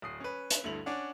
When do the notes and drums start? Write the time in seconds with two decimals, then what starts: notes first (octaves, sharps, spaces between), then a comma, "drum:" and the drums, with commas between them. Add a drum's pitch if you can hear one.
0.02 D1 D#6 C7
0.20 C#4 B4
0.50 drum: hi-hat
0.64 D2 G2 A3 E4 F7 F#7
0.86 C#4 D4 D5 F#5